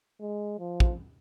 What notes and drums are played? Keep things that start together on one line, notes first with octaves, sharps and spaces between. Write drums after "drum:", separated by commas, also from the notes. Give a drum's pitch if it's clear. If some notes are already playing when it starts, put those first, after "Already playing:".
G#3
F3
drum: kick